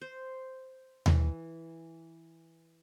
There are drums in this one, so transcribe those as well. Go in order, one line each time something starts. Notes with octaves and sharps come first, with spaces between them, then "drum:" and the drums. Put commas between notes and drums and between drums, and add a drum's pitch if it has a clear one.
C5
E3, drum: tom D#2